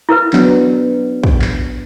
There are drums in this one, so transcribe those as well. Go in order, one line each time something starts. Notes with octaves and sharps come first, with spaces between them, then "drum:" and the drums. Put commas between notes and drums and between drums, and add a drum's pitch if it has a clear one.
E4 A#4 B4
F#3 B3 D4, drum: clap
drum: kick
drum: clap